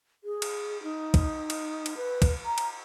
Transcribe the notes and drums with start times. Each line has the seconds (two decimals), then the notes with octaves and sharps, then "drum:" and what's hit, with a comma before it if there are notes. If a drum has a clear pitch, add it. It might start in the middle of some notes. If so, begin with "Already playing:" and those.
0.24 G#4
0.42 drum: cymbal
0.83 D#4
1.14 drum: kick, cymbal
1.50 drum: cymbal
1.86 drum: cymbal
1.97 B4
2.22 drum: kick, cymbal
2.45 A#5
2.58 drum: cymbal